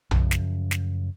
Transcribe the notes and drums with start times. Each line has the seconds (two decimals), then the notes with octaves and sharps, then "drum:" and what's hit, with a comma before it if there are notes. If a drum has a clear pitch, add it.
0.11 F#2 C#3 F3, drum: tom B1
0.31 drum: snare
0.71 drum: snare